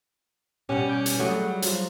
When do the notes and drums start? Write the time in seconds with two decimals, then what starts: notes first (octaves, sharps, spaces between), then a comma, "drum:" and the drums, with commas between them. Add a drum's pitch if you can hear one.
0.69 B2 G3 C#4 G4 F#5
0.89 G#5 D6 G6
1.06 drum: hi-hat
1.19 F#3 G3 A3 F#4 G#4
1.62 F3 F#3 F4, drum: hi-hat